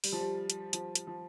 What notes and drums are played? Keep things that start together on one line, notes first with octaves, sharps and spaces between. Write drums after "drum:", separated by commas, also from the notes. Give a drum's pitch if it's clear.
G3, drum: open hi-hat
F3
G3
drum: hi-hat
F3, drum: hi-hat
drum: hi-hat
F3